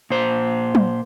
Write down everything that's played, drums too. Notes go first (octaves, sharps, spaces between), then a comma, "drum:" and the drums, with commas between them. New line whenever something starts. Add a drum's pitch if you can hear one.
A#2 C5
drum: tom